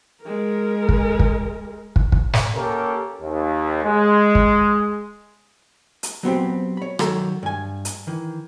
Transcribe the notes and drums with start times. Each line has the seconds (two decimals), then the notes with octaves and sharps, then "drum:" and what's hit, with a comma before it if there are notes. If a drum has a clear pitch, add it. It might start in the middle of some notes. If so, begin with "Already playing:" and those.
0.23 G#3 A#4
0.89 drum: kick
1.19 drum: kick
1.96 drum: kick
2.12 drum: kick
2.33 drum: snare
2.55 A#3 C#4 G4 A4 A#4
3.21 D#2
3.83 G#3
4.35 drum: kick
6.03 drum: hi-hat
6.23 F#3 B3 C4 G4
6.77 C#5 B5
6.99 D#3 F#3 A4 A#5, drum: rim click
7.43 G2 G#5
7.85 drum: hi-hat
8.07 D#3 E3